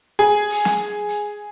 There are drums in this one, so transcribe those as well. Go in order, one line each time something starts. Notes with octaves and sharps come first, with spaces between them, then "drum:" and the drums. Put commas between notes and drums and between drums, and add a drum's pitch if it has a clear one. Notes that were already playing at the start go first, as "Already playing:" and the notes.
G#4
drum: open hi-hat
drum: snare
drum: hi-hat